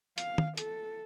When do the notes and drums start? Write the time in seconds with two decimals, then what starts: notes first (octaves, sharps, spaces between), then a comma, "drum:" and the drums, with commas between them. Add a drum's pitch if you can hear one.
0.18 F5, drum: hi-hat
0.38 drum: tom
0.57 A4, drum: hi-hat